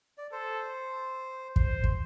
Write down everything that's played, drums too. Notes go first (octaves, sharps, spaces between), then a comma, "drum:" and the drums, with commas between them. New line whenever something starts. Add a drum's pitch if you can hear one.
D5
A4 C5
C5, drum: kick
drum: kick